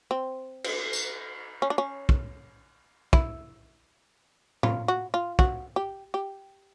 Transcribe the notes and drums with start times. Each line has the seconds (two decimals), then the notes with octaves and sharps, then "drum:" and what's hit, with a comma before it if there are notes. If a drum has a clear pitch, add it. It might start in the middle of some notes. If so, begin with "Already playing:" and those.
0.11 C4
0.64 drum: cymbal
0.93 drum: tambourine
1.62 C#4
1.70 D4
1.78 C#4
2.09 drum: kick
3.13 E4, drum: kick
4.63 F4, drum: tom
4.88 F#4
5.14 F4
5.39 F#4, drum: kick
5.76 G4
6.14 G4